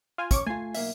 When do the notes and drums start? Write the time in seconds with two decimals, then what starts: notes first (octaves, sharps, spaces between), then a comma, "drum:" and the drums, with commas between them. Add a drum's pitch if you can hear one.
0.18 F4 G#5
0.31 C#4 C#6 D6, drum: kick, hi-hat
0.46 A3 F4 G#5 C7
0.74 B1 A#3 E5, drum: open hi-hat